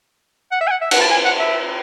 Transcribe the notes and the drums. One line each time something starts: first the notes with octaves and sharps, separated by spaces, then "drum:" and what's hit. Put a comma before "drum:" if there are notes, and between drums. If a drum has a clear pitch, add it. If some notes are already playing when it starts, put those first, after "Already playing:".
F#5
E5
G#5
F#5
E5
F#5, drum: cymbal
A5
G#5
F#5
E5